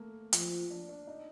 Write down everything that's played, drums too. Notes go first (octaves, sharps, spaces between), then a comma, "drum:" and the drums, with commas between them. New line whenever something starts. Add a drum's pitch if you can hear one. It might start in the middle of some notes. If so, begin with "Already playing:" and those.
Already playing: A3 A#3
F3, drum: hi-hat
D4
D4
D#4